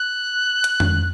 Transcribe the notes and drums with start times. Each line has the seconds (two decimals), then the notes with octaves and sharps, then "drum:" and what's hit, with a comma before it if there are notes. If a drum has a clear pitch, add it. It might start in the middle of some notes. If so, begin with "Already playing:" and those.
Already playing: F#6
0.64 drum: hi-hat
0.80 drum: tom F2